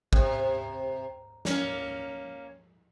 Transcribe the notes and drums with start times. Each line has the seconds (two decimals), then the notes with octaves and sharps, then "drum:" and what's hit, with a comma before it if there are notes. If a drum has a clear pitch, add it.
0.13 C3, drum: kick A1
1.45 A#3 C#4, drum: snare